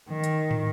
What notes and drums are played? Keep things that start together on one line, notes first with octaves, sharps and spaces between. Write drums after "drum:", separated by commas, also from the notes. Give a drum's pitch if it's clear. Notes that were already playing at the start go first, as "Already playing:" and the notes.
D#3
drum: hi-hat
drum: tom